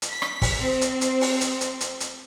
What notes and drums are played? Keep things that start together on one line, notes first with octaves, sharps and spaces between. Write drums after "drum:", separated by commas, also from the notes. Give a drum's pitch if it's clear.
drum: hi-hat
B6
drum: rim click
drum: kick, open hi-hat
C4
drum: hi-hat
drum: hi-hat
drum: open hi-hat
drum: hi-hat
drum: hi-hat
drum: hi-hat
drum: hi-hat